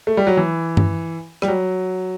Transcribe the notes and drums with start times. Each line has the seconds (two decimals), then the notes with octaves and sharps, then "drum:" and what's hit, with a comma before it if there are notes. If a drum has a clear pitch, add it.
0.07 A3
0.17 G3
0.27 F#3
0.37 E3
0.77 drum: tom G2
1.42 G3, drum: rim click
1.48 F#3